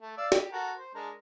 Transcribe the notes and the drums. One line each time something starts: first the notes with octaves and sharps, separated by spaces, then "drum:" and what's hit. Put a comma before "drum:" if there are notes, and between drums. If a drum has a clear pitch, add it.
A3
D5 F5 E6
G4, drum: snare
F#4 A4 A#4
C5
G#3 D4 A#4